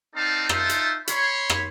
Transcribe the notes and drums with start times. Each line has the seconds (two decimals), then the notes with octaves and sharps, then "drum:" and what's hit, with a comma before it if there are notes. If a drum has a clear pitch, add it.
0.15 C4 D#4 A4 D5 F5 A5
0.49 D#4 F4 A4 C5 E5, drum: rim click
0.69 drum: hi-hat
1.08 C#5 B5 C6, drum: hi-hat
1.50 drum: rim click